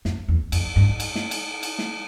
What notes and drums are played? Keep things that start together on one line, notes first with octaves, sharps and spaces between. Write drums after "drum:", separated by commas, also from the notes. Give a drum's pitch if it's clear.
F2, drum: snare
E2
F2, drum: cymbal
G2
drum: cymbal
drum: snare
drum: cymbal
drum: cymbal
drum: snare